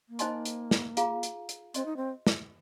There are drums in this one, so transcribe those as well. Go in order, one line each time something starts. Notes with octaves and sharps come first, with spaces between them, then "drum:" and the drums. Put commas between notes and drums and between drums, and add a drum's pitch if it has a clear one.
A#3
D#4 C5 D#5 G#5 C6, drum: hi-hat
drum: hi-hat
drum: snare
F4 G#4 F5 A#5, drum: hi-hat
drum: hi-hat
drum: hi-hat
C4 C5 D#5 C6, drum: hi-hat
D#4
C4
drum: snare